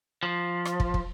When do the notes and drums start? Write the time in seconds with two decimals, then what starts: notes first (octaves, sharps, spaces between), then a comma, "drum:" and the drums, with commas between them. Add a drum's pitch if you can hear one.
0.23 F3
0.65 drum: rim click
0.80 drum: kick
0.94 drum: kick